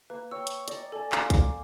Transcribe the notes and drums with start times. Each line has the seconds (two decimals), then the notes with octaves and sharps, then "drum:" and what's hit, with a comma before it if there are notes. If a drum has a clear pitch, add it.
0.10 A#3 B4
0.31 C#5 G5 E6
0.47 drum: hi-hat
0.68 D5 D#5 G5, drum: hi-hat
0.92 A4 G#5 A5
1.12 A#3 C5 F5 D6, drum: clap
1.30 drum: kick B1, hi-hat